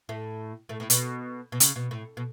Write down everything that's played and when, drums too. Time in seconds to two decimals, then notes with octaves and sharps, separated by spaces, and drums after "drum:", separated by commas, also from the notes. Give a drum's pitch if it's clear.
0.09 A2 A3
0.69 A2 A3
0.80 A2
0.90 B2, drum: hi-hat
1.52 B2
1.60 C#3, drum: hi-hat
1.76 B2
1.91 A2
2.17 B2